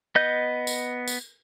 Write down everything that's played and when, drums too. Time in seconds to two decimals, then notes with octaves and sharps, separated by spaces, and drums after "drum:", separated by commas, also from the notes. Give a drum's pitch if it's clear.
0.15 B3 D#5 G6
0.67 drum: tambourine
1.08 drum: tambourine